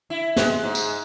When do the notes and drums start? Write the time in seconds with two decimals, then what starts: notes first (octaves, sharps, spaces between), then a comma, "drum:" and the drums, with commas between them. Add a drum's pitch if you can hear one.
0.10 E4
0.36 G#3, drum: snare
0.64 G#2
0.75 drum: tambourine